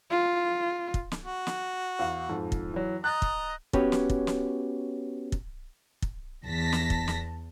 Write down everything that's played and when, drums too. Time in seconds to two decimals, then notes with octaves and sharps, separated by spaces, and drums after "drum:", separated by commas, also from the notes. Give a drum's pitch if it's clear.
0.10 F4
0.94 drum: kick
1.12 drum: snare
1.25 F#4
1.47 drum: snare
1.99 E2 F5
2.29 F2 G#2
2.52 drum: kick
2.74 E3 F#3
3.04 D#5 A#5 F#6 A6
3.22 drum: kick
3.73 B3 C#4 F#4 G4 B4 C#5, drum: kick
3.92 drum: snare
4.10 drum: kick
4.27 drum: snare
5.32 drum: kick
6.02 drum: kick
6.46 E2 A5 A#6 B6
6.73 drum: snare
6.90 drum: kick
7.08 drum: snare